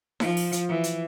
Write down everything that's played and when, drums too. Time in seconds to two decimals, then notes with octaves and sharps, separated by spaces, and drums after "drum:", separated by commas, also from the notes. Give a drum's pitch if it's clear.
0.20 F3, drum: snare D#4
0.37 drum: open hi-hat
0.52 drum: hi-hat
0.68 E3
0.84 drum: hi-hat